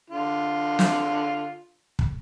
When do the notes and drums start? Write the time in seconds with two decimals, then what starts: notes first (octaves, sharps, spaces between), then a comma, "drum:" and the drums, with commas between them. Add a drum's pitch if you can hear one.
0.10 D3 F4
0.79 drum: snare
1.99 drum: kick